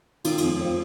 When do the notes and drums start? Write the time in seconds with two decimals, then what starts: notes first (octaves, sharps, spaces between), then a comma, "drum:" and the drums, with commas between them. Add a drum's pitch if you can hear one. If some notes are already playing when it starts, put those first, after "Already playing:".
0.24 D#3 F4, drum: cymbal
0.38 F4, drum: cymbal
0.43 F2
0.61 C4 F4